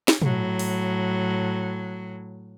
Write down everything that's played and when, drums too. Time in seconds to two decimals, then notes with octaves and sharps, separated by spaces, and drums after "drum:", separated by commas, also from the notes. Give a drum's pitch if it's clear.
0.08 drum: snare
0.22 A2 F#3, drum: tom
0.59 drum: open hi-hat